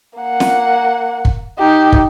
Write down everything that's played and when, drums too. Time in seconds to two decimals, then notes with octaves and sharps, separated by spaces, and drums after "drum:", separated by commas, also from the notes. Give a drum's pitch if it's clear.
0.19 A#3 F#5
0.40 drum: snare
1.25 drum: kick
1.59 D#4 G4
1.92 drum: kick